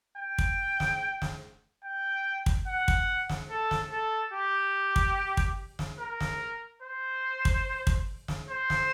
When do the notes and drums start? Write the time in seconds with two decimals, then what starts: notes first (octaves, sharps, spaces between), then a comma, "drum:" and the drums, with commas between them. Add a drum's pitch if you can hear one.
0.18 G5
0.38 drum: kick
0.80 drum: snare
1.22 drum: snare
1.85 G5
2.46 drum: kick
2.67 F#5
2.88 drum: kick
3.29 drum: snare
3.50 A4
3.71 drum: snare
3.92 A4
4.34 G4
4.96 drum: kick
5.37 drum: kick
5.79 drum: snare
6.00 A#4
6.20 drum: snare
6.82 C5
7.45 drum: kick
7.87 drum: kick
8.28 drum: snare
8.50 C5
8.70 drum: snare